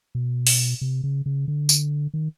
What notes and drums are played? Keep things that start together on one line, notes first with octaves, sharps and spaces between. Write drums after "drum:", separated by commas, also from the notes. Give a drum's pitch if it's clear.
B2
drum: open hi-hat
C3
C#3
C#3
D3
drum: tambourine
D#3